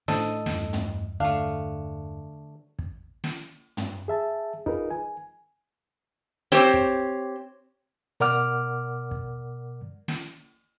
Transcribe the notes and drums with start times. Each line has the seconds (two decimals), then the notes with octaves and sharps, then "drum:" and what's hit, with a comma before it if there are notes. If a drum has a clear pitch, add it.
0.08 A2 D4 A4 C5 D#5, drum: snare
0.46 E2 G2, drum: snare
0.73 drum: tom
1.20 D3 A3 D4 F5
2.79 drum: kick
3.24 drum: snare
3.77 drum: tom
4.08 G#4 E5 A5
4.66 D#4 F4 G#4 A#4 B4, drum: kick
4.91 G#5
6.52 C4 G4 C5 C#5, drum: snare
6.74 drum: kick
8.20 B2 A#4 D5 F#5 D6 F6, drum: hi-hat
9.11 drum: kick
10.08 drum: snare